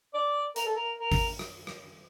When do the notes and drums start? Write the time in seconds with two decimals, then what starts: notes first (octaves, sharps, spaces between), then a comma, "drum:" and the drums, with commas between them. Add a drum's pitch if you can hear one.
0.14 D5
0.56 A#4, drum: hi-hat
0.66 A4
0.76 A#4
0.98 A#4
1.12 drum: kick G#1, open hi-hat
1.39 drum: rim click
1.67 drum: rim click